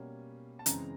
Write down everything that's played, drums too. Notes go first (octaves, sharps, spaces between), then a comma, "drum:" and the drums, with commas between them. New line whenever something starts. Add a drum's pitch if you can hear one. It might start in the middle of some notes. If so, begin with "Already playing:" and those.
Already playing: B2 G3 A#3 C#4
A5
F#2 C#3 E3 G#3 C4 A#5, drum: hi-hat